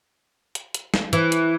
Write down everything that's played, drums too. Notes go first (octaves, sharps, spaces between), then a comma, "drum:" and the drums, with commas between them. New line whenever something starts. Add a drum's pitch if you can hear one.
drum: hi-hat
drum: hi-hat
drum: snare
E3, drum: hi-hat
drum: hi-hat